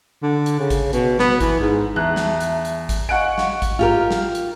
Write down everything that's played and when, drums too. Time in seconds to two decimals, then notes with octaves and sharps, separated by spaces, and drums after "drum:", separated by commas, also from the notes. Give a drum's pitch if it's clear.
0.23 D3
0.46 drum: hi-hat
0.59 C#3
0.70 drum: kick G#1, hi-hat
0.93 B2, drum: hi-hat
1.19 B3, drum: snare
1.41 E3, drum: kick G#1, hi-hat
1.60 G#2
1.96 E2 E5 A5 A#5 F#6
2.16 drum: snare
2.41 drum: hi-hat
2.65 drum: hi-hat
2.89 drum: kick G#1, hi-hat
3.09 D#5 F5 F#5 G#5 C#6 F#6 D7
3.38 drum: snare
3.62 drum: kick G#1, hi-hat
3.79 F4 G4 A#4
4.11 drum: snare
4.35 drum: hi-hat